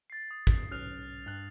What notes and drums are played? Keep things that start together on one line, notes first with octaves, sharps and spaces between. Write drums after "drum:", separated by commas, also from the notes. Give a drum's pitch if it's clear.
A6 C7
D#6
drum: kick
B1 C#4 F6 F#6 F7
G2 F#6